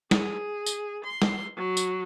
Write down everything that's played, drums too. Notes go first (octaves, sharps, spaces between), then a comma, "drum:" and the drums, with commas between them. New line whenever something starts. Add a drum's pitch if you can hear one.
G#4, drum: snare
drum: tambourine
C6
drum: snare
F#3
drum: tambourine